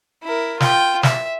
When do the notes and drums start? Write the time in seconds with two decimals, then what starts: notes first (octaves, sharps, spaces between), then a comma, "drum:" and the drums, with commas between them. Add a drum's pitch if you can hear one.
0.23 E4 A#4
0.60 F4 G5, drum: snare
1.03 E5, drum: snare